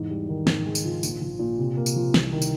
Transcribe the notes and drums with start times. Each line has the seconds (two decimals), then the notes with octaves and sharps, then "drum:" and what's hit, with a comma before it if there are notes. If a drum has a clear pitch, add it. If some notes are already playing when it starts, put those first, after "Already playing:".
Already playing: E2 G#2
0.10 G3
0.29 D#3
0.47 G#2, drum: snare
0.66 G#3
0.75 drum: tambourine
0.85 F3
1.03 A#1, drum: tambourine
1.22 F3
1.39 A#2
1.58 C3
1.77 A#3
1.86 drum: tambourine
1.96 F3
2.14 C2, drum: snare
2.32 D#3
2.42 drum: tambourine